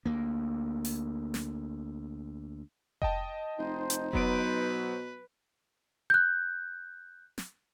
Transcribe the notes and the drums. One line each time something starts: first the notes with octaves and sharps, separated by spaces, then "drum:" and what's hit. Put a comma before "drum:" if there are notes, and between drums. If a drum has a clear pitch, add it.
D2 A#3
drum: open hi-hat
drum: snare
D#5 G5 A5, drum: kick F1
F1 D#4 C5
drum: hi-hat
B2 F#3 B3 B4 D7, drum: kick F1
F#6 G6
drum: snare